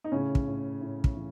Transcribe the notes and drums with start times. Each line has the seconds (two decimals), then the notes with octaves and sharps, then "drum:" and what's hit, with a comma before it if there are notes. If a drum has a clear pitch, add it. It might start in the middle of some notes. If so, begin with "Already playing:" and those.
0.04 D#4
0.12 A2 C#3 C#4
0.35 drum: kick
0.47 A2
0.81 A2
1.04 drum: kick
1.15 E3